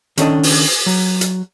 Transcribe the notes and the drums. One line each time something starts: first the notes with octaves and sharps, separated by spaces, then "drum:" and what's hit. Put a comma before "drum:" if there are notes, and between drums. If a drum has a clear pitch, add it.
D#3 C#4 D4 A4 D#5, drum: hi-hat
drum: open hi-hat
F#3
drum: hi-hat